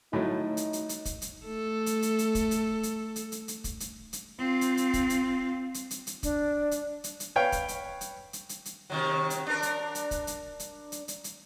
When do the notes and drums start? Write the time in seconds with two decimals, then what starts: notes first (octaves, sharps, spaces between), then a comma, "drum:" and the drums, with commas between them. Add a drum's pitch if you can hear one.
0.13 A2 F#3 A3 D#4
0.57 drum: hi-hat
0.73 drum: hi-hat
0.89 drum: hi-hat
1.05 drum: kick, hi-hat
1.22 drum: hi-hat
1.46 A3 A4
1.86 drum: hi-hat
2.02 drum: hi-hat
2.19 drum: hi-hat
2.35 drum: kick, hi-hat
2.51 drum: hi-hat
2.83 drum: hi-hat
3.16 drum: hi-hat
3.32 drum: hi-hat
3.48 drum: hi-hat
3.64 drum: kick, hi-hat
3.80 drum: hi-hat
4.13 drum: hi-hat
4.38 C4 F4
4.61 drum: hi-hat
4.77 drum: hi-hat
4.94 drum: kick, hi-hat
5.10 drum: hi-hat
5.74 drum: hi-hat
5.91 drum: hi-hat
6.07 drum: hi-hat
6.23 D4, drum: kick, hi-hat
6.71 drum: hi-hat
7.04 drum: hi-hat
7.20 drum: hi-hat
7.36 B4 C#5 F5 G5
7.52 drum: kick, hi-hat
7.68 drum: hi-hat
8.01 drum: hi-hat
8.33 drum: hi-hat
8.49 drum: hi-hat
8.65 drum: hi-hat
8.90 C3 D#3 F#3
9.30 drum: hi-hat
9.47 D4 A#4
9.62 drum: hi-hat
9.95 drum: hi-hat
10.11 drum: kick, hi-hat
10.27 drum: hi-hat
10.60 drum: hi-hat
10.92 drum: hi-hat
11.08 drum: hi-hat
11.24 drum: hi-hat